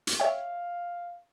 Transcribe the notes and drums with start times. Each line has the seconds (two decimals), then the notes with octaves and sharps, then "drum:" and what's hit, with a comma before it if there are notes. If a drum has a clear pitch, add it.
0.07 drum: hi-hat
0.20 C#5 E5 F5 G5